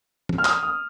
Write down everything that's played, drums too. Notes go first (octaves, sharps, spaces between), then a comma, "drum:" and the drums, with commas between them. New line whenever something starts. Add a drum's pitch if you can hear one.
drum: tom
F6
D#6, drum: clap
D#6